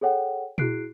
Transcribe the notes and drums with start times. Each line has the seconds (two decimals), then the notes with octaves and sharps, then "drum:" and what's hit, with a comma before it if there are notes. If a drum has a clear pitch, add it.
0.01 G#4 A4 C#5 F#5 G5
0.58 E4 F#4 G#4 F#6 C7 D7, drum: tom A#2